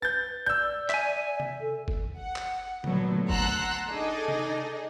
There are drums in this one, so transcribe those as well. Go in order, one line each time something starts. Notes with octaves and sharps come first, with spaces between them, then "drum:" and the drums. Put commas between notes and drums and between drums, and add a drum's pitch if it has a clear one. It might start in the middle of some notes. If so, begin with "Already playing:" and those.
B4 G6 A6
D5 E6 G6
E5 G#5, drum: clap
drum: tom C3
A4
drum: kick G1
F#5
drum: clap
A#2 D3 F#3 A3 B3, drum: tom C3
F#5 A5 A#5 C6 E6 F#6, drum: kick G1
D4 D#4 G#4 A4 D#5
drum: tom C3